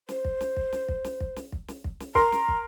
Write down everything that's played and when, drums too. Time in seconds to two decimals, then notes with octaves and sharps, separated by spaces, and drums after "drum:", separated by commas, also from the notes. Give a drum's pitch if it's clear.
0.09 C5, drum: snare
0.25 drum: kick
0.41 drum: snare
0.56 drum: kick
0.72 drum: snare
0.88 drum: kick
1.04 drum: snare
1.20 drum: kick
1.36 drum: snare
1.52 drum: kick
1.68 drum: snare
1.84 drum: kick
2.00 drum: snare
2.15 A#4 A#5 C6, drum: kick
2.32 drum: snare
2.48 drum: kick